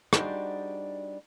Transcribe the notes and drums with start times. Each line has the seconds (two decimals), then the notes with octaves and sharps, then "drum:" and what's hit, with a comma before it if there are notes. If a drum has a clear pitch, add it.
0.13 G3 D4 D#4 F#4 G#4 C5, drum: rim click